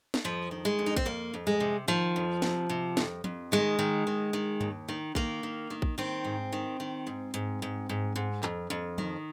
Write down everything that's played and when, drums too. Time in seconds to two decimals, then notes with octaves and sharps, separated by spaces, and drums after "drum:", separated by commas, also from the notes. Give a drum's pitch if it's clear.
0.14 drum: snare
0.24 F2 F3
0.51 D#3
0.65 G#3
0.79 F2
0.86 D#4
0.96 C4, drum: kick A#1
1.05 F2 A#3
1.34 F2
1.47 G#3
1.60 C3
1.88 D#3 F3
2.16 F2
2.42 C3, drum: snare
2.69 C3
2.97 F2, drum: snare
3.24 F2, drum: tom
3.52 D#3 G#3
3.79 D#3
4.07 D#3
4.33 D#3
4.61 D#2, drum: tom G2
4.88 D#3
5.15 D#3 A#3, drum: kick A#1
5.43 D#3
5.70 D#3
5.82 drum: kick A#1
5.98 D#3 C4
6.24 G#2
6.52 D#3
6.80 D#3
7.07 G#2
7.34 G#2, drum: hi-hat
7.62 G#2
7.89 G#2
8.16 G#2
8.43 F2, drum: clap
8.70 F2
8.98 D#3, drum: tom